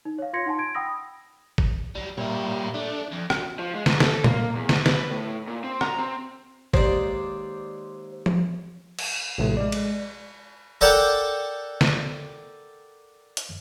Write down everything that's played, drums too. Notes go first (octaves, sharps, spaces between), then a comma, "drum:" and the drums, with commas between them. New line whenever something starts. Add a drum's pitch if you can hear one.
D#4
C#5 F5
F4 C6 G#6 A#6 C#7
D#4 F#5 G#5 A5 C6
G#6 D7
F#5 G5 B5 D#6 E6 A#6
drum: kick
F#3 G3
A#2 G3 C#5 E5
A3 D4
F2
drum: rim click
F3
G#3
G#2, drum: snare
A4, drum: snare
A#3, drum: tom A#2
E2
drum: snare
B4, drum: snare
A2
A#2
C4
A#5, drum: rim click
C4
D#2 G#3 D#4 C5 D5, drum: kick
drum: tom F3
drum: cymbal
A#1 A2 C3 A3
G#3 D5
drum: cymbal
A4 A#4 D5 F#5 G5 A5
drum: snare
drum: hi-hat